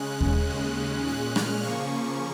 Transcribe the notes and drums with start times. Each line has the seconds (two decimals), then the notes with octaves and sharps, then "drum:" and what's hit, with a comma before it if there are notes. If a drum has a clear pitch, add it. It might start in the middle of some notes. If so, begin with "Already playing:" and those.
Already playing: C#3 G#3 C#4 F#6
0.21 F#6, drum: kick D#2
0.49 D#2 C#3 G#3 C#4
1.07 A#2 G#3 C#4 F#6
1.36 F6, drum: rim click
1.64 C#3 F3 A#3 C#4 C#6
1.93 C#6